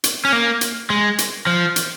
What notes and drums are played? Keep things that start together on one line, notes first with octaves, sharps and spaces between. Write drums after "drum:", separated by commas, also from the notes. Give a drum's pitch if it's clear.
drum: hi-hat
C#4
A#3
drum: hi-hat
G#3
drum: hi-hat
F3
drum: hi-hat